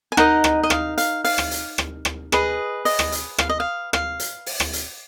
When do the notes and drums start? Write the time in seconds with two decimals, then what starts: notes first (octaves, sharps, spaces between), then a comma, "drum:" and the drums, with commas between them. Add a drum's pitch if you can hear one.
0.12 G#5
0.17 D#4 A#4 D#5 F#5, drum: rim click
0.44 drum: rim click
0.63 D#5
0.70 F5, drum: rim click
0.98 F5, drum: hi-hat
1.24 F5, drum: open hi-hat
1.38 drum: rim click
1.51 drum: hi-hat
1.78 drum: rim click
2.05 drum: rim click
2.32 G#4 B4 D#5, drum: rim click
2.85 D#5, drum: open hi-hat
2.99 drum: rim click
3.12 drum: hi-hat
3.38 F5, drum: rim click
3.49 D#5
3.60 F5
3.93 F5, drum: rim click
4.20 drum: hi-hat
4.46 drum: open hi-hat
4.60 drum: rim click
4.73 drum: hi-hat